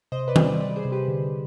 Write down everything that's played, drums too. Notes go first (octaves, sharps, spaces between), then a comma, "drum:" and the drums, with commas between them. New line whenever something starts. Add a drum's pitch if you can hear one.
C3 C5 D#5
B4 D5
G3, drum: tom D#3
B4 D5
G3 B4 D5
G#4 C5
C3
G4 B4
D3